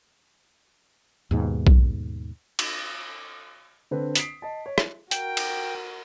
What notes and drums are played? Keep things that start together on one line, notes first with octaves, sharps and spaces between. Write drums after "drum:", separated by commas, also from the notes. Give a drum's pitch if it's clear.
D#2 G#2 B2
drum: kick B1
drum: cymbal
D3 C4 D4 B4
D#6 B6 C7 D7, drum: hi-hat
D#5 A5
C#5
drum: rim click
F#4 A#4 G5, drum: hi-hat
drum: cymbal